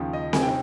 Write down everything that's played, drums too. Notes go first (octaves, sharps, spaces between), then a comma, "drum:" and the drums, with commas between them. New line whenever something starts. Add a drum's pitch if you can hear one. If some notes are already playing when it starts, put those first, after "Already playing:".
Already playing: D#2 C#3 F3
D#5
G#5, drum: snare C4
C3 D#3 G5